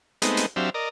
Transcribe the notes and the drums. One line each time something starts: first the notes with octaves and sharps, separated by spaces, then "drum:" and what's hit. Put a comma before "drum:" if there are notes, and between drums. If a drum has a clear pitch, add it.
G#3 A3 B3 C4 D#4, drum: hi-hat
drum: hi-hat
F#3 C4 D4 G4 E5 F5
A#4 D5 D#5